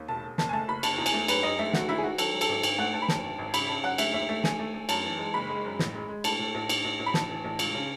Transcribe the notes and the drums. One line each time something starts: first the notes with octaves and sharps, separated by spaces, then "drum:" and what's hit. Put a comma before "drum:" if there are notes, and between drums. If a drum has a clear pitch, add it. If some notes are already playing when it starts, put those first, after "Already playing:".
Already playing: D#2
E1 A5
E1
F#1 A5, drum: snare
G#5
A3 A5
F#1 B5
F#1 A5, drum: cymbal
E2
G#5, drum: cymbal
A3
F#2 B4, drum: cymbal
F#2 D#5
A3 E5
A3 F#4, drum: snare
D#3 E4
G#4
D#3 F#4
F#3 A4, drum: cymbal
F#3
A4, drum: cymbal
G#1
G#1, drum: cymbal
A3 F#5
A3 A5
B5
F#2 A5, drum: snare
G#1
G#1
C#3 B5, drum: cymbal
C#3 A5
F#2 F#5
A3 E5, drum: cymbal
D#2 E5
A3 E5
A3 G#5, drum: snare
A3
A3
F#2 A5, drum: cymbal
E3
G#3
F#1 B5
G#3
F#2
A1, drum: snare
G#3
G#3
A2 A5, drum: cymbal
A2
A1
A1, drum: cymbal
A1
A1
B5
A1 A5, drum: snare
E3
A1
C#2, drum: cymbal
C#3